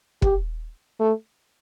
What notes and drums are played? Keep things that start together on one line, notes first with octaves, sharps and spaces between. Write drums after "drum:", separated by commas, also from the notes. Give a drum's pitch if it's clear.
G4, drum: kick
A3